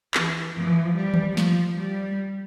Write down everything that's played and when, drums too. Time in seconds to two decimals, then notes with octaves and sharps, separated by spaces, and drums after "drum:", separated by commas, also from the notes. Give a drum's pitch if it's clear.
0.14 E3, drum: clap
0.55 F3
0.96 G3
1.14 drum: tom D#3
1.37 F3, drum: snare
1.78 G3